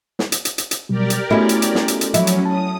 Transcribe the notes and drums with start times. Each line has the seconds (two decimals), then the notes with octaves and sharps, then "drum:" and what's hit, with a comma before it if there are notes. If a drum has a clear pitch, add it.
0.19 drum: snare
0.32 drum: hi-hat
0.45 drum: hi-hat
0.58 drum: hi-hat
0.71 drum: hi-hat
0.89 B2 F#3 G3 G4 A#4 D5
1.10 drum: hi-hat
1.30 A3 B3 C#4 E4 F#4 A4
1.49 drum: hi-hat
1.62 drum: hi-hat
1.75 drum: snare
1.88 drum: hi-hat
2.01 drum: hi-hat
2.14 F3 F#3 C#4 E4, drum: hi-hat
2.27 drum: hi-hat
2.46 A5 D#6